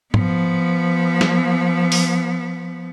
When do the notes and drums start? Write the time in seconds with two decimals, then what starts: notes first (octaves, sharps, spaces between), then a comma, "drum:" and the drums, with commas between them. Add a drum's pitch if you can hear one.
0.14 F3 B3, drum: tom
1.21 drum: snare
1.92 drum: open hi-hat